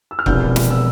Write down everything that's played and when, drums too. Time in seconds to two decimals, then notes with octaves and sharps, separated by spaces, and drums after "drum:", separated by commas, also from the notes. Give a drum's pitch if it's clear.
0.11 E6
0.19 F6
0.26 E1 E2 C3 F3 G6, drum: kick C#1
0.56 drum: snare
0.70 E6